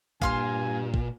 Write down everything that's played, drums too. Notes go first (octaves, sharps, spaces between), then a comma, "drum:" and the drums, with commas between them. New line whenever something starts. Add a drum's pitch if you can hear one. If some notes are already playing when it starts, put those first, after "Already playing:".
G2 A#2 F5 G#5 C6 F6, drum: kick
drum: kick